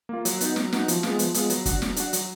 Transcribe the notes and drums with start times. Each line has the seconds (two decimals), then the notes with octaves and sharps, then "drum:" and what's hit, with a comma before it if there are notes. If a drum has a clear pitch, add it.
0.09 A#3 F4
0.25 F#3, drum: hi-hat
0.41 B3 D#4 F#4, drum: hi-hat
0.56 F#3, drum: snare
0.73 B3 D#4 F#4, drum: snare
0.88 F3, drum: hi-hat
1.03 G#3 B3 F4, drum: snare
1.19 F3, drum: hi-hat
1.34 G#3 B3 F4, drum: hi-hat
1.50 F#3, drum: hi-hat
1.66 D4 F#4, drum: kick, hi-hat
1.82 F#3, drum: snare
1.96 D4 F#4, drum: hi-hat
2.13 F#3, drum: hi-hat